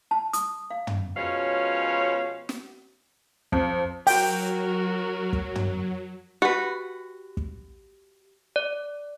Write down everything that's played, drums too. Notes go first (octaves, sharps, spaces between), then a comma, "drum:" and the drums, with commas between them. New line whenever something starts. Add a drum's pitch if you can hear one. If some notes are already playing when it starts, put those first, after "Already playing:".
A5
D#6, drum: hi-hat
F5
drum: tom
B2 F3 G#3 C#4 C#5 F5
drum: snare
F2, drum: kick
F#3 F#4 A#4 G5, drum: open hi-hat
drum: kick
drum: tom
F#4 G4 B4
drum: kick
D5